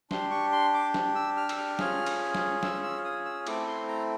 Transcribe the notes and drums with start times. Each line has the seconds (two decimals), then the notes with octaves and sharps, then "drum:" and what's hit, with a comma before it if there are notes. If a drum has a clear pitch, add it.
0.11 D4 G4 C6, drum: snare
0.31 C#6
0.52 C6
0.74 D6
0.94 drum: snare
1.15 E6
1.37 F6
1.49 E6, drum: cymbal
1.58 F6
1.79 C#4 F4 G#4, drum: snare
2.06 drum: cymbal
2.35 drum: snare
2.63 E6, drum: snare
2.83 E6
3.05 D#6
3.25 E6
3.47 A3 C4 E4 D6, drum: cymbal
3.68 C6
3.88 A#5